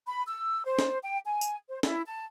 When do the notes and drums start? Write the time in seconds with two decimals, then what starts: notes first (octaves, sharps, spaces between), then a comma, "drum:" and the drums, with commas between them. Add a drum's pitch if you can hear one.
0.07 B5
0.27 E6
0.66 C5
0.79 drum: snare
1.03 G5
1.25 G#5
1.41 drum: tambourine
1.68 C5
1.83 E4, drum: snare
2.05 A5